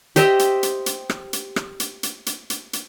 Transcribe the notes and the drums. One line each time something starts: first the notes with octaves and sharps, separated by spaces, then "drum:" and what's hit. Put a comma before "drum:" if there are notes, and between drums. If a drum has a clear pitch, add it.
G4 C5 D#5 E5, drum: hi-hat
drum: hi-hat
drum: hi-hat
drum: hi-hat
drum: rim click
drum: hi-hat
drum: rim click
drum: hi-hat
drum: hi-hat
drum: hi-hat
drum: hi-hat
drum: hi-hat